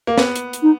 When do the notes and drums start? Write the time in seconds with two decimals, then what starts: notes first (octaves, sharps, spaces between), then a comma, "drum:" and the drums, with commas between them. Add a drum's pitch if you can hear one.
0.07 A#3
0.18 B3, drum: snare
0.35 drum: hi-hat
0.53 drum: hi-hat
0.62 D#4